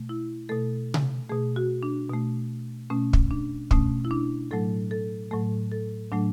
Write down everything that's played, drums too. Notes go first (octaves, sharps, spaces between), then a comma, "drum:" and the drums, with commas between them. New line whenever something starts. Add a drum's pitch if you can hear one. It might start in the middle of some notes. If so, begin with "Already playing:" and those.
Already playing: B2 A3
E4
B2 A3 A4
drum: tom C3
B2 A3 G#4
F#4
D4
B2 A3
B2 A3 C#4
drum: kick
D4
B2 A3 C#4, drum: kick
E4
D4
A2 F#3 A3 A4
A4
A2 F#3 A3 A4
A4
A2 F#3 A3 D4